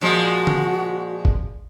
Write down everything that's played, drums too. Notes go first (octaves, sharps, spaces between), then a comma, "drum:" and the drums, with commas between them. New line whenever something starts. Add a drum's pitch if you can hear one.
A#2 F3 G#3 F#4
drum: tom D3
drum: kick